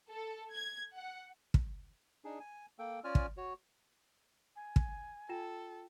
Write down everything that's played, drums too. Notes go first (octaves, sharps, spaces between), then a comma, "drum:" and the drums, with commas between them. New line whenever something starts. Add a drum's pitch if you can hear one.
A4
G#6
F#5
drum: kick
D4 D#4 G#4
G#5
A#3 A4 G5
C#4 F4 D5 G#5 F6
drum: kick
F#4 C#5
G#5
drum: kick
F4 A4 G5 E7